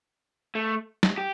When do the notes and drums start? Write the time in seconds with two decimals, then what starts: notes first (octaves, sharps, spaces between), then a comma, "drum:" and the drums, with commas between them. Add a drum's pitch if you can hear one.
0.55 A3
1.03 drum: snare
1.18 G4